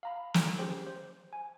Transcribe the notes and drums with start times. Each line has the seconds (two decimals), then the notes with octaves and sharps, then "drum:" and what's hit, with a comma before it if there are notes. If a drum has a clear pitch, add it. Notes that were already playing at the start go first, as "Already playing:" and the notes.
0.03 F5 A#5 B5
0.34 drum: snare
0.58 C#4 G4 G#4 C5 G5
0.87 C5
1.33 G#5